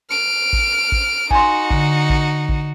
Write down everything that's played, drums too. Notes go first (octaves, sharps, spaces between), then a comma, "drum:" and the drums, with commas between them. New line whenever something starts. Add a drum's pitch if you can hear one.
F6 D7
drum: kick A1
drum: kick A1
D#4 F#4 G#5 C6, drum: kick A1
D3, drum: kick A1
drum: kick A1
drum: kick A1